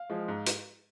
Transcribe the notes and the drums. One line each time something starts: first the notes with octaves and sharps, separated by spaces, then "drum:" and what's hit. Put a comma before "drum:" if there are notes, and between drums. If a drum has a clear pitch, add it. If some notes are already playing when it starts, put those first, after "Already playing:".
Already playing: F5
F3 G#3
G#2
drum: hi-hat